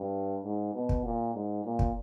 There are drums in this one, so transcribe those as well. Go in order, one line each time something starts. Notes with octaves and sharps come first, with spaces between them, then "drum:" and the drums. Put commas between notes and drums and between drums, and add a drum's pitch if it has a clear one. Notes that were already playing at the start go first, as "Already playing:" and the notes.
Already playing: G2
G#2
B2
drum: kick
A#2
G#2
A#2
drum: kick